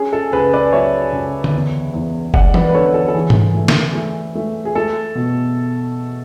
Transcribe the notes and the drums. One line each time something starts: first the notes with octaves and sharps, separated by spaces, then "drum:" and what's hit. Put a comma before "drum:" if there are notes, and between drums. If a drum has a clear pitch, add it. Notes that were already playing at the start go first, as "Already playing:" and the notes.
Already playing: C#4 G#4
A4
C#2 G#4 B4
B4 D5
F#3 C#5 E5
C#2
drum: tom D3
E2
E2
G#3 D5 F#5, drum: kick F#1
B4 D5, drum: tom E3
B4
D3 A4 C#5
A4
A4
E3 G#4
drum: tom G#2
A3
drum: snare
A3
A3
G#4
A3 A4
B2